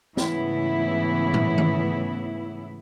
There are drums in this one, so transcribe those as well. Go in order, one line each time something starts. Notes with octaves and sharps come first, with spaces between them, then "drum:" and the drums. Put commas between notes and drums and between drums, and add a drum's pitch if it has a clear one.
G#2 C#3 E3 A3 B3 E4, drum: snare
drum: tom A2
drum: tom D#3